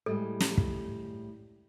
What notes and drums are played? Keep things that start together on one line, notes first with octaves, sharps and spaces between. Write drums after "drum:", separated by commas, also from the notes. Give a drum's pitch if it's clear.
A2 G3 G#3 A4
drum: snare
drum: kick